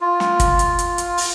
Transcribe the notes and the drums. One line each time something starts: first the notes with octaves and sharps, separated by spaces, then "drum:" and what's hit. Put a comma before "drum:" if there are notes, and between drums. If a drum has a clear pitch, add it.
F4
drum: snare
drum: kick, hi-hat
drum: hi-hat
drum: hi-hat
drum: hi-hat
drum: open hi-hat